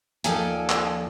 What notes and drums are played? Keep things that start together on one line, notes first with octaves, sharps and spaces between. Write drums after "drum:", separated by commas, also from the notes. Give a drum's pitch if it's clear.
D#2 F3 A4 D5 G5 G#5, drum: hi-hat
drum: clap